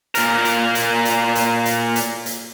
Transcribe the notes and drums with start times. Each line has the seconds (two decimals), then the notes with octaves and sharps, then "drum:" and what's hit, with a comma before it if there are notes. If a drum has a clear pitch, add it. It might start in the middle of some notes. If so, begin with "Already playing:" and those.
0.15 A#2 A#4, drum: hi-hat
0.45 drum: hi-hat
0.75 drum: hi-hat
1.05 drum: hi-hat
1.35 drum: hi-hat
1.66 drum: hi-hat
1.96 drum: hi-hat
2.26 drum: hi-hat